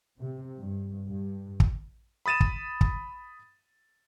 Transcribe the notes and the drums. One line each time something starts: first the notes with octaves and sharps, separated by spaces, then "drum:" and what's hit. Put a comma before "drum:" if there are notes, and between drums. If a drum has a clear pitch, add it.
C3
G2
G2
drum: kick
B5 D#6 A6 D#7 E7
drum: kick
drum: kick